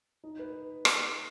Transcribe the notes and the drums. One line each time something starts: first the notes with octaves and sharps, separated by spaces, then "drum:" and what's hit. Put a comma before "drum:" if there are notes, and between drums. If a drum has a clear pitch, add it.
D#4
B4
drum: rim click